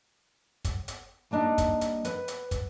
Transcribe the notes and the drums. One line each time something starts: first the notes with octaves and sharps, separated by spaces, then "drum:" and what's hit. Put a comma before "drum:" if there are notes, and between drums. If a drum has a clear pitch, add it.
drum: kick, hi-hat
drum: hi-hat
G3 A#3 D4 D#4
drum: kick, hi-hat
drum: hi-hat
B4, drum: hi-hat
drum: hi-hat
drum: kick, hi-hat